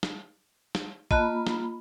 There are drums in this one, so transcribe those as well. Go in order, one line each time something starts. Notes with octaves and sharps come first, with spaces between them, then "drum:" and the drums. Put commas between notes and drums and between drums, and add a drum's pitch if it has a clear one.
drum: snare
drum: snare
A#3 F4 D#5 A5 B5 F#6, drum: kick
drum: snare